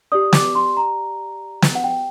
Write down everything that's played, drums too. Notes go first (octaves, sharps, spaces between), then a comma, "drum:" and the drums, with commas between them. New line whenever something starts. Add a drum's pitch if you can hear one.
G4 D5 D#6
D6, drum: snare
C6
A#5
drum: snare
F#5
G5